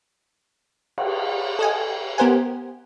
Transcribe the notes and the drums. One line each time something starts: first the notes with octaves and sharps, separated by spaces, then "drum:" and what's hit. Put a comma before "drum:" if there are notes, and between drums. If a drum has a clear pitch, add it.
drum: cymbal
A4 D#5 G#5
B3 G4 A#4 C5 F#5 G#5